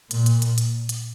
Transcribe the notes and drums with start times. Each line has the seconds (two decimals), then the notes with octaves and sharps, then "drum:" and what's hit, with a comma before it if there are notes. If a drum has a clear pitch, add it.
0.11 A#2, drum: hi-hat
0.26 drum: hi-hat
0.42 drum: hi-hat
0.58 drum: hi-hat
0.89 drum: hi-hat